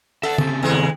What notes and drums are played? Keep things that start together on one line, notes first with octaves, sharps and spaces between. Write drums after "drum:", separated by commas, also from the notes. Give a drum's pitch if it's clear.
A4 E5 F#5
C#3 C4, drum: tom
D#2 G#3